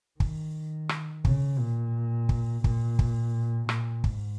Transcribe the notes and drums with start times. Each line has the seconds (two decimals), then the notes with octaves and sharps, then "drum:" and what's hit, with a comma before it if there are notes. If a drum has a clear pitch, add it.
0.20 D#3, drum: kick
0.89 drum: rim click
1.25 C#3, drum: kick
1.59 A#2
2.29 drum: kick
2.64 A#2, drum: kick
2.99 drum: kick
3.69 A#2, drum: rim click
4.04 G#2, drum: kick